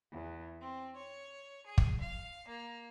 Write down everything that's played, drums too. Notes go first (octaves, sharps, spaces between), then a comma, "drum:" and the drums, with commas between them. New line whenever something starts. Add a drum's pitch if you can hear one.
E2
C4
C#5
G#4
drum: kick
F5
A#3